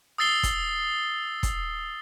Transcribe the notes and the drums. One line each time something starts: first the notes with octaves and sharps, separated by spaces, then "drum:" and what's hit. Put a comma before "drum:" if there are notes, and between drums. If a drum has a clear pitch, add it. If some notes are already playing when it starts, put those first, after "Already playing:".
D#6 E6 A6 C7 G7
drum: kick, hi-hat
drum: kick, hi-hat